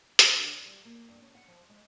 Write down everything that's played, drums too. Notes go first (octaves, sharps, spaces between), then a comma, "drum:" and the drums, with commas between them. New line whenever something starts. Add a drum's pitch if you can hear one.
F#5, drum: hi-hat
D3
D5
G3
A#3
G2
C#4
F#5
F3
G#3